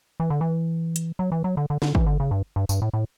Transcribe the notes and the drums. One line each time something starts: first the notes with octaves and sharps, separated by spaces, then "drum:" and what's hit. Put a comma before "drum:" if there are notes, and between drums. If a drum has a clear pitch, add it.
E3
D3
E3
drum: hi-hat
F#3
E3
F#3
D3
D3
D3, drum: snare
E3, drum: kick
D3
C#3
G2
G2
G2, drum: tambourine
A2
A2